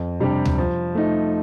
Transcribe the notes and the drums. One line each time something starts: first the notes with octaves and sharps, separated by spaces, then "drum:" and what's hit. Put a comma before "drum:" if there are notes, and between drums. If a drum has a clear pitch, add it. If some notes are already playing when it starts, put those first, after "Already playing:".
Already playing: F2
C3 G3 D4 G4
drum: tom D2
F3
A3 D#4